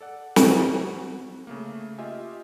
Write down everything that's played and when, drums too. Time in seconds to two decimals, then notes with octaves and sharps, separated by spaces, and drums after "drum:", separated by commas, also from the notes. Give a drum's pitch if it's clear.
0.01 A4 D5 F#5
0.36 F#4, drum: snare
1.47 C#3 A3 A#3
1.98 F4 G4 D#5 E5 G#5